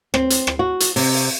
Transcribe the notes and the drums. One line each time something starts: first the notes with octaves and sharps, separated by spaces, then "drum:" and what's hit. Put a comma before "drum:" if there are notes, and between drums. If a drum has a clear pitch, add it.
C4, drum: rim click
drum: hi-hat
drum: rim click
F#4
drum: hi-hat
C3, drum: open hi-hat
drum: open hi-hat